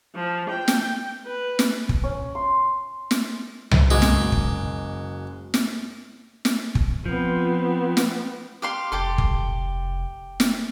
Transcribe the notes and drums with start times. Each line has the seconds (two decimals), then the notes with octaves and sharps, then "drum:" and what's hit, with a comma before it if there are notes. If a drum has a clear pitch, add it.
0.15 F3
0.49 G5
0.68 drum: snare
1.26 B4
1.59 drum: snare
1.89 drum: kick
2.04 C#4
2.35 C6
3.11 drum: snare
3.71 drum: tom C2
3.91 F#1 G#3 F#4 D6
4.02 drum: snare
4.32 drum: kick
5.54 drum: snare
6.45 drum: snare
6.75 drum: kick
7.06 F3 B3 C4
7.97 drum: snare
8.62 G4 F5 C6
8.92 F1 G4 A4 C6
9.18 drum: kick
10.40 drum: snare